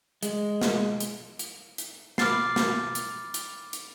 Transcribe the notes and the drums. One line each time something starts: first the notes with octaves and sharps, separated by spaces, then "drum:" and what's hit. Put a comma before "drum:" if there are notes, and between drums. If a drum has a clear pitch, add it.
G#3, drum: hi-hat
drum: snare
drum: hi-hat
drum: hi-hat
drum: hi-hat
B5 D6 F6 A6 C7, drum: snare
drum: snare
drum: hi-hat
drum: hi-hat
drum: hi-hat